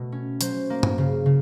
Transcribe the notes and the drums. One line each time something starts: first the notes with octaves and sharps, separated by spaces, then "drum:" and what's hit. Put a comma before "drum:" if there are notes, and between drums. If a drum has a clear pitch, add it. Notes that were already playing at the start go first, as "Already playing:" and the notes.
Already playing: B2 A3
C#4
F#3 C5, drum: hi-hat
A#3
drum: tom G2
C#3
C#3